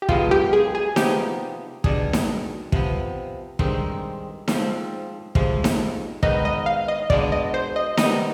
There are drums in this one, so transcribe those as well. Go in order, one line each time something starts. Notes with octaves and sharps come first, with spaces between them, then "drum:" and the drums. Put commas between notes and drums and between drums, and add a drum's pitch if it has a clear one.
G4
B1 B2 G#3 B3 F4, drum: kick
G4
G#4
G#4
C3 F3 B3 D#4 G4, drum: snare D#4
B2 G3 D4 G#4, drum: kick
drum: snare D#4
C3 F3 B3, drum: kick
G2 D#3 G#3 C4 D#4, drum: kick
G#2 F3 C4, drum: snare D#4
F2 C3 F3 G#3, drum: kick
drum: snare D#4
G#2 D#3 B3 D#4 B4 D#5, drum: kick
D#5
F5
D#5
B2 G#3 B3 D4 D5, drum: kick
D#5
C5
D#5
C3 D#3 G3 B3 D#4 D#5, drum: snare D#4